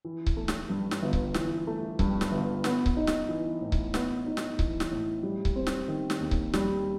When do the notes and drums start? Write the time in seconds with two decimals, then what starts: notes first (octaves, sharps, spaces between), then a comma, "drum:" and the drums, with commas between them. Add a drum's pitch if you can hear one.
0.05 E3
0.26 drum: kick C#1
0.37 A3
0.48 drum: snare
0.70 G2
0.91 drum: snare
1.02 G1
1.13 drum: kick C#1
1.34 E3, drum: snare
1.67 A3
1.99 G2, drum: kick C#1
2.21 drum: snare
2.32 G1
2.64 B3, drum: snare
2.86 drum: kick C#1
2.97 D#4
3.07 drum: snare
3.29 E3
3.61 A2
3.72 drum: kick C#1
3.94 B3, drum: snare
4.26 D#4
4.37 drum: snare
4.59 E3, drum: kick C#1
4.80 drum: snare
4.91 A2
5.23 G3
5.45 drum: kick C#1
5.56 C4
5.67 drum: snare
5.88 D#3
6.10 drum: snare
6.21 D#2
6.31 drum: kick C#1
6.53 G3, drum: snare